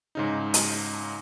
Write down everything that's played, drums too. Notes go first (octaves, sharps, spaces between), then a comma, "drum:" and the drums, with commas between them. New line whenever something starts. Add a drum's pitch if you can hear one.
G#2 C#3 D#4
drum: hi-hat